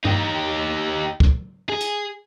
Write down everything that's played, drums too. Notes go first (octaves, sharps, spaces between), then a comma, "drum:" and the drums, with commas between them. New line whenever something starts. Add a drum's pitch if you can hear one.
D#4 G4, drum: tom G2
drum: kick
G#4
drum: hi-hat